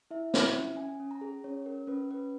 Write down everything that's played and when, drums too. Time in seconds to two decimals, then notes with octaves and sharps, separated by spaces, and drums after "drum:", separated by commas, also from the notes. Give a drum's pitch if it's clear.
0.11 E4 E5
0.34 E4, drum: snare
0.55 C#4
0.77 C#4 G#5
1.00 C#4
1.11 A#5
1.21 G#4
1.44 C#4 C#5
1.66 C#4 A#4
1.87 C#4 B4
2.11 C#4 B4